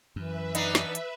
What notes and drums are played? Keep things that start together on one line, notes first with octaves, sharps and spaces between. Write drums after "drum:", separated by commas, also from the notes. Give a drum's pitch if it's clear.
F#2 E3 B4 E5
B3 D4 D#4, drum: hi-hat
drum: snare
drum: hi-hat